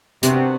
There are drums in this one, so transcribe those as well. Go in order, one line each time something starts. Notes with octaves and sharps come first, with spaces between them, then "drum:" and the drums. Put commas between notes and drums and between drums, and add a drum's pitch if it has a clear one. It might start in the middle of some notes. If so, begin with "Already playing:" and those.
C3 D#3 G3 B3 D4 F#4, drum: hi-hat